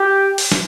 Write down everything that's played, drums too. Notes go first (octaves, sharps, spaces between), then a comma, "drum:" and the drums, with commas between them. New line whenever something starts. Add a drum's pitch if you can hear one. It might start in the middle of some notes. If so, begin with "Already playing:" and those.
Already playing: G4
drum: open hi-hat
drum: snare